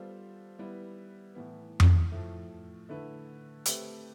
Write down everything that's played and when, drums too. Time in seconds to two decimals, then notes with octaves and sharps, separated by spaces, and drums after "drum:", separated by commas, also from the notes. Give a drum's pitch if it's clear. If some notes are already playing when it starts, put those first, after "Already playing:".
Already playing: G3 B3 F4 A4 C5
0.59 G3 B3 E4 B4
1.35 A2 E3 B3
1.80 drum: tom F2
2.12 A2 F3 A3
2.89 D3 A3 E4 B4
3.65 A3 C4 G4 B4, drum: hi-hat